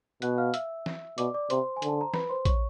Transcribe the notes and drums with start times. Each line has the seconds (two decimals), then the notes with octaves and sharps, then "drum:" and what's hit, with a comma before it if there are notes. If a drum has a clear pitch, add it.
0.22 B2 F#5 F#6, drum: hi-hat
0.38 F5 F6
0.54 E5 E6, drum: hi-hat
0.86 drum: snare
1.18 B2 D5 D6, drum: hi-hat
1.34 D5 D6
1.50 C3 C5 C6, drum: hi-hat
1.76 G#5
1.82 D3, drum: hi-hat
1.88 A5
2.01 A#5
2.14 B4 B5, drum: snare
2.29 C5 C6
2.45 C#5 C#6, drum: kick A#1, hi-hat